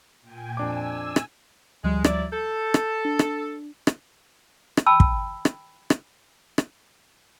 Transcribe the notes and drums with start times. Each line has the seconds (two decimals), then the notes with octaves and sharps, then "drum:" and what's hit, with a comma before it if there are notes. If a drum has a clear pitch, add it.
0.22 A#2 G5 G#5
0.57 F2 D4 G#5 D6 E6
1.16 drum: rim click
1.84 D2 F3 G3 G#3
2.04 F#3 E4 D5, drum: rim click
2.32 A4 G6
2.74 drum: rim click
3.05 D4
3.19 drum: rim click
3.87 drum: rim click
4.77 drum: rim click
4.86 G5 A5 B5 E6
5.00 drum: kick
5.45 drum: rim click
5.90 drum: rim click
6.58 drum: rim click